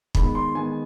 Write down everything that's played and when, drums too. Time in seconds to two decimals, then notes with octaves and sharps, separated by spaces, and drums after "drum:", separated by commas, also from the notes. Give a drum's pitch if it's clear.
0.15 D#3 G#3 B3 B5, drum: kick
0.35 C6
0.55 D#3 G#3 B3 G#5